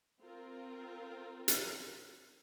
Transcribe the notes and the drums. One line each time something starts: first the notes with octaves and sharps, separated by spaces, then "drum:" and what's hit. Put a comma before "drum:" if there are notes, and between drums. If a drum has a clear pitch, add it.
C4 F4 A#4
drum: hi-hat